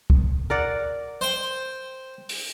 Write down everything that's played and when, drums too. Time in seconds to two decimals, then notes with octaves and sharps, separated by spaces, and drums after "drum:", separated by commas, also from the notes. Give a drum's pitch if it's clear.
0.10 drum: kick
0.50 A#4 D5 F#5
1.21 C5 G5
2.29 drum: open hi-hat